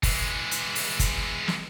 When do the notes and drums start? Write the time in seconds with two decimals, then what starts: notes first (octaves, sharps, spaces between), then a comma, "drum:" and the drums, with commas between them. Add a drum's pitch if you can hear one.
0.03 E3 G#3, drum: kick, open hi-hat
0.51 drum: hi-hat
0.75 drum: open hi-hat
0.99 drum: kick, hi-hat
1.48 drum: snare